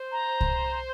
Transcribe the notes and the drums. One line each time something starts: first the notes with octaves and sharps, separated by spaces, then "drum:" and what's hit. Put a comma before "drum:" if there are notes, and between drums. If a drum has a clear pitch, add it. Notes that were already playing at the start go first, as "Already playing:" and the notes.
Already playing: C5
A#5
drum: kick C2